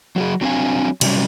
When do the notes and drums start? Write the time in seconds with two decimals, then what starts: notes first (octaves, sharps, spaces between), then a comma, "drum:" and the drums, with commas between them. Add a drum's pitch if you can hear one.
0.16 F#3 F#4 G#4
0.41 F#3 C4 D4 F5 G#5
1.01 C3 F#3 G3 C#4, drum: cymbal